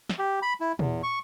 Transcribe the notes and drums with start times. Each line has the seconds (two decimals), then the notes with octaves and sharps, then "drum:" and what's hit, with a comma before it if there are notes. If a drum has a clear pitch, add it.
0.09 drum: snare
0.19 G4
0.42 B5
0.61 E4
0.79 E2, drum: tom
1.03 C#6